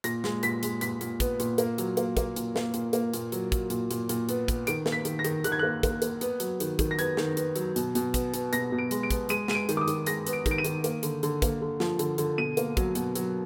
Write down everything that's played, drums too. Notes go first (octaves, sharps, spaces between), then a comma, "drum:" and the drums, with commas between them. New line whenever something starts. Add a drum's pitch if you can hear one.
A#2 A#6, drum: hi-hat
G#3, drum: snare
A#2 B6, drum: hi-hat
G#3, drum: hi-hat
A#2 B6, drum: hi-hat
A#2, drum: hi-hat
B3, drum: kick, hi-hat
A#2, drum: hi-hat
A#3, drum: hi-hat
F#3, drum: hi-hat
A#3, drum: hi-hat
A#3, drum: kick, hi-hat
A#2, drum: hi-hat
A#3, drum: snare
A#2, drum: hi-hat
A#3, drum: hi-hat
A#2, drum: hi-hat
F#3, drum: hi-hat
F#3, drum: kick, hi-hat
A#2, drum: hi-hat
A#2, drum: hi-hat
A#2, drum: hi-hat
B3, drum: hi-hat
B3, drum: kick, hi-hat
D#3 D7, drum: hi-hat
A#3, drum: snare
B6
D#3, drum: hi-hat
A#6
D#3, drum: hi-hat
D#3 F#6, drum: hi-hat
G#6
A#3 F#6
A#3, drum: kick, hi-hat
A#3, drum: hi-hat
B3, drum: hi-hat
F#3, drum: hi-hat
D#3, drum: hi-hat
D#3, drum: kick, hi-hat
A#6
B3 G#6, drum: hi-hat
D#3, drum: snare
B3, drum: hi-hat
F#3, drum: hi-hat
B2, drum: hi-hat
B2, drum: hi-hat
B3, drum: kick, hi-hat
B3, drum: hi-hat
B2 A#6, drum: hi-hat
B2
D7
G#3, drum: hi-hat
D7
B3, drum: kick, hi-hat
G#3 D#7, drum: hi-hat
G#3 D#7, drum: snare
D7
D#3, drum: hi-hat
D6
D#6
D#3, drum: hi-hat
G#3 A#6, drum: hi-hat
B3, drum: hi-hat
D7
D#3, drum: kick, hi-hat
D7
D#7
D#3, drum: hi-hat
A#3, drum: hi-hat
D3, drum: hi-hat
D3, drum: hi-hat
A#3, drum: kick, hi-hat
D3
F3, drum: snare
D3, drum: hi-hat
D3, drum: hi-hat
B2 D#7
A#3, drum: hi-hat
F#3, drum: kick, hi-hat
B2, drum: hi-hat
F#3, drum: hi-hat